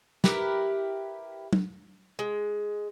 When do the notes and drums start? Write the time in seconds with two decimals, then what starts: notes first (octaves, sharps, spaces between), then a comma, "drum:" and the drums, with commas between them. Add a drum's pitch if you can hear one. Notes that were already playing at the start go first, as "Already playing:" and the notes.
0.24 E4 G4 A#4 B4, drum: snare
1.53 drum: tom F#3
2.19 G#3